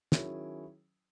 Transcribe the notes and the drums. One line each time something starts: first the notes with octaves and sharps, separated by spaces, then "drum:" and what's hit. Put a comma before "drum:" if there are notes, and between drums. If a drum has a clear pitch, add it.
D#3 F#3 C#4 E4 G#4, drum: snare